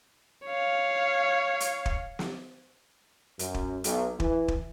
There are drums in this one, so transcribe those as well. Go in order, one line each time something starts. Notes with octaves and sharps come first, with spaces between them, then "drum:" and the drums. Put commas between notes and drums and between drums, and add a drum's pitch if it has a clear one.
C#5 F5
drum: hi-hat
drum: kick
drum: snare
F#2, drum: hi-hat
drum: kick
B1, drum: hi-hat
E3, drum: kick
drum: kick